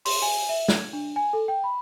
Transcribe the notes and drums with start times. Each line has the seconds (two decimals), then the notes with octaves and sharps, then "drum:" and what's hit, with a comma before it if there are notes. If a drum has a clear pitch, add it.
0.05 C6, drum: open hi-hat
0.22 G#5
0.49 E5
0.68 G#6, drum: snare
0.93 D4
1.16 G#5
1.33 A4
1.48 G5
1.64 B5